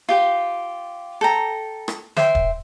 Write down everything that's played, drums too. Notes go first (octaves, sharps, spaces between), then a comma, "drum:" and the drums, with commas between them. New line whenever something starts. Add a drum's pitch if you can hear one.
F4 G4 G5
A4 G5 A#5
drum: rim click
C5 E5 G5, drum: snare
drum: kick